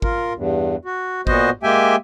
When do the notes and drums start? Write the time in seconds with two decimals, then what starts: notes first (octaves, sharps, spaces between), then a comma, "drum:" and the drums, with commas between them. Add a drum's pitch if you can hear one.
0.02 F4 A#4, drum: kick G#1
0.35 E2 G2
0.85 F#4
1.27 A#2 B3 F#4 C5 D#5, drum: kick G#1
1.63 G#3 A#3 G4 E5 G5 G#5